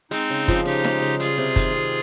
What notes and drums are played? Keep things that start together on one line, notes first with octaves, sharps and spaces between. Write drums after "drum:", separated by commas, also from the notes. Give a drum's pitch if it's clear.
G#3 C4 D#4, drum: hi-hat
C#3
F3, drum: kick, hi-hat
C#3 D#4 G4
G#3, drum: snare
C#3
G3 F4 G#4, drum: hi-hat
C3
D#3, drum: kick, hi-hat
C3